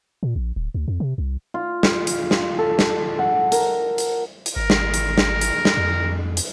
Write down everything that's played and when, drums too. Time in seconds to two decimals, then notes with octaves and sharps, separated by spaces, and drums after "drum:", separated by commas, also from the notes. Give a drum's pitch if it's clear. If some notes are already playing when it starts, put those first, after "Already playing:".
0.23 A#2
0.36 A#1
0.56 D1
0.74 D2
0.88 F2
1.00 C3
1.18 C2
1.54 F4
1.83 drum: snare
2.07 drum: hi-hat
2.31 drum: snare
2.58 A4
2.79 drum: snare
3.19 F#5
3.52 A#4, drum: hi-hat
3.98 drum: hi-hat
4.46 drum: hi-hat
4.56 G#1 A#4
4.70 drum: snare
4.94 drum: hi-hat
5.18 drum: snare
5.41 drum: hi-hat
5.65 drum: snare
5.77 F2
6.37 drum: hi-hat